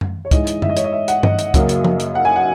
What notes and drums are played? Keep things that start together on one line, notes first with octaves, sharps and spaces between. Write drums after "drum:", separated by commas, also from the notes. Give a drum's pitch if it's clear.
drum: tom F#2
C#5
G#2 E3 G#3 D#5, drum: kick, hi-hat
drum: hi-hat
E5, drum: tom F#2
D#5
C#5, drum: hi-hat
D#5
E5
F#5, drum: hi-hat
D#5, drum: tom G2
drum: hi-hat
F#2 C#3 F#3 A#3, drum: kick, hi-hat
drum: hi-hat
drum: tom F3
drum: hi-hat
F#5
G#5
F#5